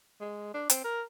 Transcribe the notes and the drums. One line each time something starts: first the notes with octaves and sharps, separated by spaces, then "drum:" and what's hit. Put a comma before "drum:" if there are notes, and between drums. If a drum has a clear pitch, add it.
G#3
D4
C4, drum: hi-hat
A#4